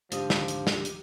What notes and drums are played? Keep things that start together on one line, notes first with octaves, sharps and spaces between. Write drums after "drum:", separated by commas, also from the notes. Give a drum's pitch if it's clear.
G#2 D3 F3 G4 D#5, drum: hi-hat
drum: snare
drum: hi-hat
drum: snare
drum: hi-hat